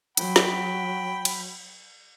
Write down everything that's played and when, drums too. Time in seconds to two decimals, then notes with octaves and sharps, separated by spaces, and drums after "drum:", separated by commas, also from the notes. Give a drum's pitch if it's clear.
0.17 F#3 G5 B5, drum: hi-hat
0.36 drum: snare
1.25 drum: cymbal